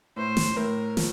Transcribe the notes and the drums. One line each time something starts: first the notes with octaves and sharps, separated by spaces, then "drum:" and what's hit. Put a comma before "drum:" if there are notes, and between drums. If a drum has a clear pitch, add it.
A2 C5
drum: snare
A2 A#4
F3, drum: snare